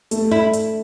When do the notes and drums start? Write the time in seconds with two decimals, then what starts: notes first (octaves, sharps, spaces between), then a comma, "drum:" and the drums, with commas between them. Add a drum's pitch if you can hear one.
0.11 A3, drum: hi-hat
0.31 E4
0.53 drum: hi-hat